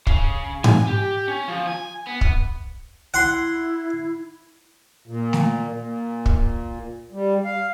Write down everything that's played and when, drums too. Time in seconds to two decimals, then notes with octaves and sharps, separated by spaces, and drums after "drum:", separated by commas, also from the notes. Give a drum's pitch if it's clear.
0.07 C#3, drum: kick
0.64 G#5, drum: tom G#2
0.87 G4
1.28 C#4
1.48 F3
1.67 G#5
2.07 B3
2.21 drum: kick
3.14 E4 F#5 C6
5.07 A#2
5.33 drum: snare
5.75 A#2
6.26 drum: kick
7.12 G3
7.45 F5